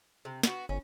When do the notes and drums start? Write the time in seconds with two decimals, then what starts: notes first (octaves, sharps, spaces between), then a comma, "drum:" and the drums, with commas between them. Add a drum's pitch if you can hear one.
0.25 C3
0.43 B3 D#4 F#4, drum: snare
0.69 G1 C#4